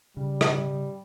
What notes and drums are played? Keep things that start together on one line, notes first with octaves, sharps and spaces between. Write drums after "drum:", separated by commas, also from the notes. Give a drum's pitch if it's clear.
C#3 G3
drum: rim click